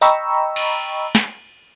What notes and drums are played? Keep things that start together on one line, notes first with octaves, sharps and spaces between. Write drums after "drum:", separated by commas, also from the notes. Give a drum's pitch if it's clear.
D#5 G5 A#5 B5 C#6 E6, drum: tambourine
drum: cymbal
drum: snare